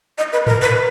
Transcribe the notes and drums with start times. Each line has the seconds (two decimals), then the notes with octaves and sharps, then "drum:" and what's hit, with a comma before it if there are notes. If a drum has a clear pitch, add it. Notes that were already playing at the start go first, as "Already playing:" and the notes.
0.18 D#5
0.33 B4
0.47 A#4, drum: tom G#2
0.62 B4